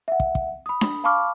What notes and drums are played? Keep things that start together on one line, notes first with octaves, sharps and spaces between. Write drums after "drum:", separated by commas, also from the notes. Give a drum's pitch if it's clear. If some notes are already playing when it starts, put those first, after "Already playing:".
E5 F#5
drum: kick
drum: kick
B5 D#6
drum: snare D4
F5 A5 B5 C#6 D6 F6